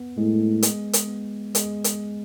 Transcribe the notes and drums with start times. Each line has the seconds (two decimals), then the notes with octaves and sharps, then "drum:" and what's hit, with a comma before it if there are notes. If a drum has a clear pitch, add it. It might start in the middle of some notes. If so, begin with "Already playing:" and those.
Already playing: B3
0.17 A2 G#3
0.63 G#3, drum: hi-hat
0.93 drum: hi-hat
1.08 B3
1.55 G#3, drum: hi-hat
1.84 drum: hi-hat